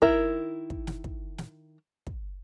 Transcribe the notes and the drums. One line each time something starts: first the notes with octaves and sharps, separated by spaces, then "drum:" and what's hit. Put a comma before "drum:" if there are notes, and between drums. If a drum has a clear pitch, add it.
D#3 E4 A#4, drum: kick
drum: kick
drum: snare
drum: kick
drum: snare
drum: kick